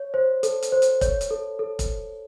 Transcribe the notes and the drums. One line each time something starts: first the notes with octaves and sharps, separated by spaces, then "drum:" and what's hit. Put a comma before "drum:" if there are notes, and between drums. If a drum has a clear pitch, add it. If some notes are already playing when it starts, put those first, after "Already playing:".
Already playing: C#5
C5
A4, drum: hi-hat
drum: hi-hat
C5
drum: hi-hat
C#5, drum: kick, hi-hat
drum: hi-hat
A4
A4
drum: kick, hi-hat